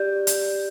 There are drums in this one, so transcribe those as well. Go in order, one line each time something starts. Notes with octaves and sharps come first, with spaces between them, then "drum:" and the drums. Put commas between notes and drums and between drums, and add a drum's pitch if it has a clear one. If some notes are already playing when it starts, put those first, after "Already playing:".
Already playing: G4 D5 G6
drum: hi-hat